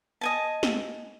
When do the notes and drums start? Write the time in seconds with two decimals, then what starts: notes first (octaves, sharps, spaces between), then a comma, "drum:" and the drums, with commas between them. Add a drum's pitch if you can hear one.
0.21 D#5 G#5 A5
0.63 drum: snare